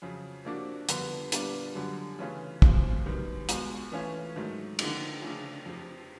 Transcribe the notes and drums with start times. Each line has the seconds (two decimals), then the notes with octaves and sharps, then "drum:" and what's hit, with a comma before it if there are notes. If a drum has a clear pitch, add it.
0.02 F2 C#3 F#3
0.45 C3 F3 A#3 D4 F#4
0.89 F2 D3 G3 B3, drum: hi-hat
1.32 A#2 G3 B3 D4 F4, drum: hi-hat
1.75 F#2 D3 G3
2.19 C#3 E3 A3 C#4 F4
2.62 C#2 B2 G#3 C4 F4, drum: kick
3.05 F#2 D#3 G3 B3
3.49 C#2 B2 G#3, drum: hi-hat
3.92 E3 A3 C#4 F4
4.36 G#2 D#3 F#3 A3
4.79 D3 F3 A#3 D#4, drum: cymbal
5.22 C#3 F3 A3 D4 F4
5.65 F2 C3 F3